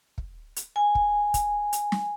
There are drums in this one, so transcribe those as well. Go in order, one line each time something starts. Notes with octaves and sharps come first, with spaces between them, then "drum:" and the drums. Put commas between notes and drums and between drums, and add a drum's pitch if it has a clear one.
drum: kick
drum: hi-hat
G#5
drum: kick
drum: kick, hi-hat
drum: hi-hat
drum: snare